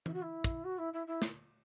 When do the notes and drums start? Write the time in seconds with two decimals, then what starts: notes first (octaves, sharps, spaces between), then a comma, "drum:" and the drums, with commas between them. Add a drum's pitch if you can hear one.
0.06 E4, drum: tom E3
0.13 F#4
0.22 E4
0.44 drum: kick, hi-hat
0.64 F#4
0.78 E4
0.93 E4
1.07 E4
1.22 drum: snare